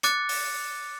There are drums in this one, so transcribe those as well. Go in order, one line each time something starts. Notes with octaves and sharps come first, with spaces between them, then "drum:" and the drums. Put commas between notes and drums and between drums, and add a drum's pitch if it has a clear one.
D6 F#6 A6 C#7, drum: hi-hat
drum: open hi-hat